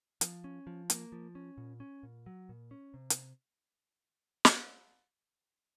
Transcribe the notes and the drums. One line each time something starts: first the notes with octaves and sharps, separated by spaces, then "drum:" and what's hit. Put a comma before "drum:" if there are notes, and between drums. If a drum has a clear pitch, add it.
F3, drum: hi-hat
C#4
F3
A#3, drum: hi-hat
F3
C#4
A#2
C#4
A#2
F#3
A#2
C#4
C3
drum: hi-hat
drum: snare